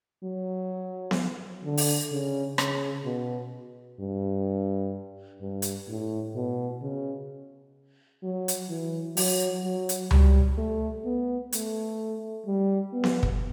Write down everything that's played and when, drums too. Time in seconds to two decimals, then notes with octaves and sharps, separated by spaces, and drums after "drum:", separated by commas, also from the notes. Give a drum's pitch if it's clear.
0.24 F#3
1.11 drum: snare B3
1.65 D3
1.77 drum: open hi-hat
2.11 C#3
2.58 C#3, drum: rim click
3.05 B2
4.00 G2
5.41 G2
5.62 drum: hi-hat
5.88 A2
6.35 B2
6.82 C#3
8.23 F#3
8.48 drum: hi-hat
8.70 E3
9.17 F#3, drum: open hi-hat
9.64 F#3
9.89 drum: hi-hat
10.11 G3, drum: tom C#2
10.58 A3
11.05 B3
11.52 A3, drum: hi-hat
12.46 G3
12.93 B3
13.04 drum: snare B3
13.23 drum: kick